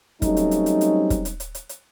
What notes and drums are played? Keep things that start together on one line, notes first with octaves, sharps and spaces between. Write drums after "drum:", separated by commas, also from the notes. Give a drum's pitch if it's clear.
F#3 G3 A3 C4 C#4 D#4, drum: kick, hi-hat
drum: hi-hat
drum: hi-hat
drum: hi-hat
drum: hi-hat
drum: kick, hi-hat
drum: hi-hat
drum: hi-hat
drum: hi-hat
drum: hi-hat